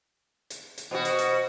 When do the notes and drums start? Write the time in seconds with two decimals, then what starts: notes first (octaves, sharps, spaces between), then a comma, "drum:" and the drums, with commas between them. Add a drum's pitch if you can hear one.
0.50 drum: hi-hat
0.78 drum: hi-hat
0.91 B2 F#4 C5
1.05 drum: hi-hat
1.18 drum: hi-hat